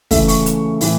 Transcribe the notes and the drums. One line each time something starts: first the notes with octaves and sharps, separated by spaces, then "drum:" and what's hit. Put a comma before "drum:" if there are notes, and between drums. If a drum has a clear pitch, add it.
C#3 E3 A3 E5, drum: kick, open hi-hat
C#6, drum: open hi-hat
drum: hi-hat
A2 E3, drum: open hi-hat